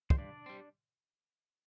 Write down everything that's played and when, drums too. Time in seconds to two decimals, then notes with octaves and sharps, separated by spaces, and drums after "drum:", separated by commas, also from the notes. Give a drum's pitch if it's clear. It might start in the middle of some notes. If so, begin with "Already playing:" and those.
0.10 C5, drum: kick
0.18 G2 D4 D5
0.46 G3 C4